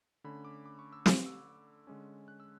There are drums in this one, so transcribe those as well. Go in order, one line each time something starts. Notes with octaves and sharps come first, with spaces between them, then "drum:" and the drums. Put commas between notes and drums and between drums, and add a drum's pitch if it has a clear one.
D3 A3 C#4 B5
D6
D6
C#6
E6
D6, drum: snare
E6
D3 G#3 C#4
F#6
E6